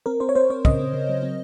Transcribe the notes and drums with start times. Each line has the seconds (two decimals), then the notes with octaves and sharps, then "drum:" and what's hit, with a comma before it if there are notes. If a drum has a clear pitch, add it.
0.06 C4 A#4
0.20 C4 C5
0.29 C#5
0.35 C4 C5
0.50 C4 C#5
0.65 C#3 D#5, drum: kick
0.79 C4
0.93 C#3
1.09 F#3
1.23 C4